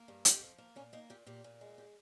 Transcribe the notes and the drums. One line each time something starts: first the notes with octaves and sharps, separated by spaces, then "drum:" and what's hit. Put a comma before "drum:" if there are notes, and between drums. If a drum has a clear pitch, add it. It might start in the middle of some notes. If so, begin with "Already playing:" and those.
Already playing: A#3
G2
F2 G4, drum: hi-hat
F3
A#3
A#2 C#4
A#3 D#4
A#2 G4
A#2 G4
A#2
G#3
G4